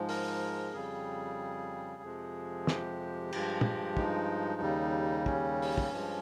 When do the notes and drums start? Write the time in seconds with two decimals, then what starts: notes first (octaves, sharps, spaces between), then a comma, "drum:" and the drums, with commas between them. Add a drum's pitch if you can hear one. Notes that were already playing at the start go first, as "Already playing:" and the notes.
Already playing: G#2 F3 G#3
0.09 A#4, drum: open hi-hat
0.73 F2 C#3 G3 G#4
2.02 F2 C3 F3 G#3
2.67 G4, drum: snare
3.33 G2 F3 G#3, drum: cymbal
3.61 drum: tom
3.97 D#4, drum: kick
4.61 D#2 C#3 G3
5.26 C#4, drum: kick
5.62 drum: open hi-hat
5.78 drum: kick
5.91 G2 F3 G#3